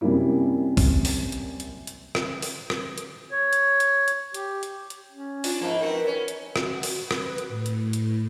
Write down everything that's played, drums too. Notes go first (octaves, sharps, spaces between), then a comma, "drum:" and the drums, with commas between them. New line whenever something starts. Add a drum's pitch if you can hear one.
F#2 C3 G3 A#3 E4
drum: kick, open hi-hat
drum: open hi-hat
drum: hi-hat
drum: hi-hat
drum: hi-hat
drum: rim click
drum: open hi-hat
drum: rim click
drum: hi-hat
C#5
drum: hi-hat
drum: hi-hat
drum: hi-hat
G4, drum: hi-hat
drum: hi-hat
drum: hi-hat
C#4
D4 F4, drum: open hi-hat
G#2 F3 A#3
C4 D#4 F#4 A#4 B4
C#4
drum: hi-hat
F#4, drum: rim click
drum: open hi-hat
B4
drum: rim click
drum: hi-hat
A2
drum: hi-hat
drum: hi-hat